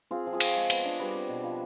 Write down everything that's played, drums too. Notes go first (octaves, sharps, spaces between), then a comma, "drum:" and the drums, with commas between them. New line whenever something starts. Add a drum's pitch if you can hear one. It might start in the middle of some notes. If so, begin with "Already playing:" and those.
C4 F4 G#4
F3
F4 G#4
C4, drum: cymbal
G#3
B3, drum: cymbal
D4
G3 G4 B4
C4
B2
F3